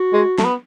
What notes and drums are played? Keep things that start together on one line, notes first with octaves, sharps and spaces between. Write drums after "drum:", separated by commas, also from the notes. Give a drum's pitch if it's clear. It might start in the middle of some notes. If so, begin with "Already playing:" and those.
Already playing: F#4
G#3
A3, drum: snare
B3